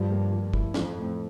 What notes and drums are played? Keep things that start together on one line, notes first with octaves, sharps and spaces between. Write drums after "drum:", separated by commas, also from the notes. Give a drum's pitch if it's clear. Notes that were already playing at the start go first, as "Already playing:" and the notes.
Already playing: G2 F3
A#3
F3
E4, drum: kick
F2 F3, drum: snare
A2